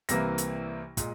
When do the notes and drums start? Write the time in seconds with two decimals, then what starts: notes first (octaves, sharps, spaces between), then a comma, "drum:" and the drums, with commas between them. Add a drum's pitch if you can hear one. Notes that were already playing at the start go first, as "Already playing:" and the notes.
0.09 C2 C3 E3 A#3 A#6, drum: hi-hat
0.38 drum: hi-hat
0.97 A#2 G#3, drum: kick, hi-hat